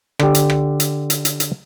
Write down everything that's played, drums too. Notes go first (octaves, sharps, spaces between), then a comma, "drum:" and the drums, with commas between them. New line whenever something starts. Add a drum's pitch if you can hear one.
D3 G4, drum: rim click
drum: hi-hat
drum: rim click
drum: hi-hat
drum: hi-hat
drum: hi-hat
drum: hi-hat